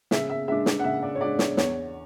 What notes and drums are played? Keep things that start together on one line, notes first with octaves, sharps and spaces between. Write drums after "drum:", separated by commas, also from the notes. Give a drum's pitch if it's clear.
C#3 E5, drum: snare
E5
G#3 D4 E5
drum: snare
F#5
C#3 E5
D5
C#5
G#3 D4 D5
C#5, drum: snare
E2 C#5, drum: snare